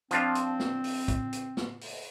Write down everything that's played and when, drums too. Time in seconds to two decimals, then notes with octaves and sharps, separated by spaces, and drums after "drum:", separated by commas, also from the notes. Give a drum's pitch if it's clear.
0.11 F3 C4 D4 F4, drum: hi-hat
0.35 drum: hi-hat
0.60 drum: snare
0.84 drum: open hi-hat
1.08 drum: kick, hi-hat
1.33 drum: hi-hat
1.57 drum: snare
1.81 drum: open hi-hat